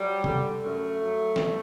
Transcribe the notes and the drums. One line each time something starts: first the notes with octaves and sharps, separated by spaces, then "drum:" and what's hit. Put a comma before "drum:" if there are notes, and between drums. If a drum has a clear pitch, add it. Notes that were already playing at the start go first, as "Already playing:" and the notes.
Already playing: F#3 G3
D3, drum: tom
F#2 A3
F#3
drum: snare